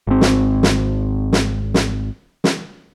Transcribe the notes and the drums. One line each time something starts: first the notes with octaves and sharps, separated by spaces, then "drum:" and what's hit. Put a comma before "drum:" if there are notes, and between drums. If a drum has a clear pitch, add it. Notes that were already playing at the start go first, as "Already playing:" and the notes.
G#1 C4
drum: snare
drum: snare
drum: snare
drum: snare
drum: snare